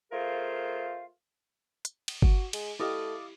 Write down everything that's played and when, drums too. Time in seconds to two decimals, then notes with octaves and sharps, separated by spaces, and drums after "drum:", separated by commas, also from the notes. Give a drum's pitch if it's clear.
0.12 A3 F4 G#4 A#4 C5 F5
1.85 drum: hi-hat
2.08 drum: cymbal
2.22 F#4, drum: kick G1
2.53 G#3, drum: cymbal
2.80 A3 E4 G4 D5 D#5 F5